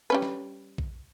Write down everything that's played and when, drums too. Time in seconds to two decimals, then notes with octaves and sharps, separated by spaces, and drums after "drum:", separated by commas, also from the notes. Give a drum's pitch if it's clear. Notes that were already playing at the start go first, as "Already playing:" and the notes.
0.10 G3 C#4 B4
0.22 drum: snare
0.78 drum: kick A#1